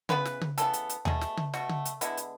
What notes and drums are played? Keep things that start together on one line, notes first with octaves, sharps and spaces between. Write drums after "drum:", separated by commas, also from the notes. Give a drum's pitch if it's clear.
C#3 E3 B3 B4, drum: tom C#3
drum: snare
drum: tom C#3
C#3 E3 B3 A4, drum: hi-hat
drum: hi-hat
drum: hi-hat
B2 A3 G#4, drum: tom D#2
drum: snare
drum: tom C#3
B2 A3 F#4, drum: snare
drum: tom C#3
drum: hi-hat
D3 G#3 B3 E4, drum: hi-hat
drum: hi-hat